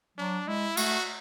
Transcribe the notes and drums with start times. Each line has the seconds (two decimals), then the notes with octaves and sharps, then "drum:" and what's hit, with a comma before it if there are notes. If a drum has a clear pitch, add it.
0.18 F#3 D4
0.47 G#3 E4
0.77 A3 F#4, drum: cymbal